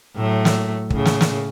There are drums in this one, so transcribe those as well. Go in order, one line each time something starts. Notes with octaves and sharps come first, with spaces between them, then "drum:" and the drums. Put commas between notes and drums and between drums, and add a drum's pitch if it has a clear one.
A2 F#3 A3
drum: snare
A2 C#3, drum: kick
drum: snare
drum: snare